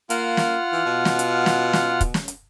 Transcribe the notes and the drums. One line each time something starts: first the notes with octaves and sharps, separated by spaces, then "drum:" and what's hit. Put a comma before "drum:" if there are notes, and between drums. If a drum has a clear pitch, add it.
A#3 F4 F#5 F6, drum: hi-hat
drum: snare
E3
B2
drum: snare
drum: hi-hat
drum: snare
drum: snare
drum: kick, hi-hat
drum: snare
drum: hi-hat